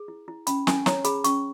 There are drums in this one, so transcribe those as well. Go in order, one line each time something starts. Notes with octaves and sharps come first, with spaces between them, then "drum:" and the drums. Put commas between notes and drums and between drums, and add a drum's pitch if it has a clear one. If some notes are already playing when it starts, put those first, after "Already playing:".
Already playing: G#4
E4
E4
C#4 B5, drum: hi-hat
C#4 G#5, drum: snare
C#5 A#5, drum: snare
G#4 B5, drum: hi-hat
C#4 C#6, drum: hi-hat